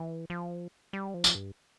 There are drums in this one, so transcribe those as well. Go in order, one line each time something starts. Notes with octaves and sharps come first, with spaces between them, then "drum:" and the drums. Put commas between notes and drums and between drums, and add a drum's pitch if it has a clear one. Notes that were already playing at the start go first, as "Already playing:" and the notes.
Already playing: E3
F3
G3
F3
drum: tambourine
G2